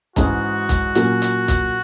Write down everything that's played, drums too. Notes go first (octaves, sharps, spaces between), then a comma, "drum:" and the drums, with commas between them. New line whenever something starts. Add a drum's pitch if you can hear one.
G#2 E3 G#3 C#4 F#4 G#4, drum: kick, hi-hat
drum: kick, hi-hat
A#2 F#3 A#3 C#4, drum: hi-hat
drum: hi-hat
drum: kick, hi-hat